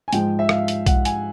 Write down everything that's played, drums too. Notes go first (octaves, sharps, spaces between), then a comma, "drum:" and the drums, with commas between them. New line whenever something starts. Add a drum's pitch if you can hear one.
G#5
G#2 F3 G#3 G5, drum: hi-hat
E5
F5, drum: rim click
drum: hi-hat
F#5, drum: kick B1, hi-hat
G#5, drum: hi-hat